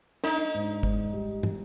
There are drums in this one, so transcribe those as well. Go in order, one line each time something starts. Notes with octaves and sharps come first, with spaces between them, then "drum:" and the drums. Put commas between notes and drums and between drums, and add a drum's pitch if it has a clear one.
D4 D#4, drum: snare
G#2
G#2, drum: kick
G3
G3, drum: tom